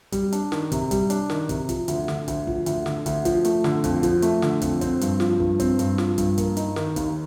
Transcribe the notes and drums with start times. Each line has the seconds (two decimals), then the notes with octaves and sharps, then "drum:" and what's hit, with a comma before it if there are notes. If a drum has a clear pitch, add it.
0.12 G3, drum: kick, hi-hat
0.32 D4, drum: hi-hat
0.52 D#3, drum: snare
0.72 C3, drum: kick, hi-hat
0.91 G3, drum: kick, hi-hat
1.10 D4, drum: hi-hat
1.30 D#3, drum: snare
1.49 C3, drum: kick, hi-hat
1.69 F3, drum: kick, hi-hat
1.88 D2, drum: hi-hat
2.08 D3, drum: snare
2.28 D2, drum: kick, hi-hat
2.47 F3, drum: kick
2.66 D2, drum: hi-hat
2.86 D3, drum: snare
3.06 D2, drum: kick, hi-hat
3.25 F3, drum: kick, hi-hat
3.45 A3, drum: hi-hat
3.64 D3, drum: snare
3.84 F2, drum: kick, hi-hat
4.03 F3, drum: kick, hi-hat
4.22 A3, drum: hi-hat
4.42 D3, drum: snare
4.62 F2, drum: kick, hi-hat
4.81 C4, drum: kick, hi-hat
5.01 G2, drum: hi-hat
5.20 F3, drum: snare
5.40 G2, drum: kick
5.60 C4, drum: kick, hi-hat
5.79 G2, drum: hi-hat
5.98 F3, drum: snare
6.18 G2, drum: kick, hi-hat
6.38 A#3, drum: kick, hi-hat
6.57 D#4, drum: hi-hat
6.76 D#3, drum: snare
6.96 D#2, drum: kick, hi-hat